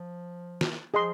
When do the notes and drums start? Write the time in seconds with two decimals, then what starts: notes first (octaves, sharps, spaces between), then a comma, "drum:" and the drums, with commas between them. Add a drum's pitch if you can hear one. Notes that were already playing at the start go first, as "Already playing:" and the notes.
Already playing: F3
0.61 drum: snare
0.93 F3 G#4 D#5 C6